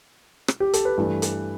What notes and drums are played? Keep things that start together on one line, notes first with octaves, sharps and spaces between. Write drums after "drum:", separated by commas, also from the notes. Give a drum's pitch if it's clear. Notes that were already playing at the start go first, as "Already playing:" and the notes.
drum: rim click
G4
A4, drum: hi-hat
B4
G2 E3 A3
drum: hi-hat